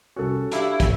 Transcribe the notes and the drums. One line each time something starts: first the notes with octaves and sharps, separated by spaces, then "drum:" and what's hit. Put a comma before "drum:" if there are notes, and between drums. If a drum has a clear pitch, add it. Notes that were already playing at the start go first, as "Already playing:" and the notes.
C2 C#4 F#4 A4
D4 E4 G4 F5, drum: hi-hat
drum: kick, hi-hat